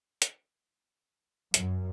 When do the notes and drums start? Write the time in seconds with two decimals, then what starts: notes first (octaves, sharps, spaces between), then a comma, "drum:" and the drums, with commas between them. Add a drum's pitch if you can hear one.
0.22 drum: hi-hat
1.54 F#2, drum: hi-hat